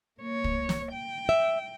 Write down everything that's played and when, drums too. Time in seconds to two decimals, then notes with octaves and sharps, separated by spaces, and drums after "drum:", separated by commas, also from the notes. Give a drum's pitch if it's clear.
0.19 A#3 C#5
0.44 drum: kick
0.69 drum: snare
0.92 G5
1.29 E5